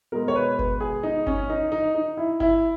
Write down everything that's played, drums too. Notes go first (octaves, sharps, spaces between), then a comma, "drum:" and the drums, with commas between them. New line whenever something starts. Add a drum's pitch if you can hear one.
B2 G#3 A#4
C#5
B4
B4, drum: kick F#1
G#4
D#4
C#4, drum: kick F#1
D#4
D#4
D#4
E4
E4, drum: kick F#1